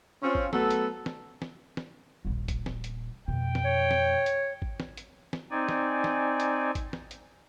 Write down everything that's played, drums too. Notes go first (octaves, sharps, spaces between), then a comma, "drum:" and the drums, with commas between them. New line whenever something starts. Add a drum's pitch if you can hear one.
C4 C#4 F4
drum: kick G#1
F#3 A3 B3 A4, drum: snare
drum: hi-hat
drum: snare
drum: snare
drum: snare
D#1 A#1
drum: kick G#1, hi-hat
drum: snare
drum: hi-hat
F2 B2 G5
drum: snare
C#5
drum: snare
drum: hi-hat
drum: kick G#1
drum: snare
drum: hi-hat
drum: snare
C4 D#4 D5 G#5
drum: snare
drum: snare
drum: hi-hat
drum: kick G#1, hi-hat
drum: snare
drum: hi-hat